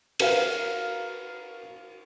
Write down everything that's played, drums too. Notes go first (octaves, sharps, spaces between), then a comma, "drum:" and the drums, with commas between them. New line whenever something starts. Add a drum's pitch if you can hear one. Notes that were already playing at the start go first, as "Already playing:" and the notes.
F#4 A#4 B4 F5, drum: cymbal